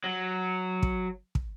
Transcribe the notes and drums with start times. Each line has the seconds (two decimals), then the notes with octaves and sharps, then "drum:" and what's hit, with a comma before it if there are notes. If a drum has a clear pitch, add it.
0.04 F#3
0.83 drum: kick
1.35 drum: kick